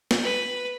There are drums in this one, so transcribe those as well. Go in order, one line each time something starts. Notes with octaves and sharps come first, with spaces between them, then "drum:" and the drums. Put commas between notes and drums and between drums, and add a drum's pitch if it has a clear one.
drum: snare
B4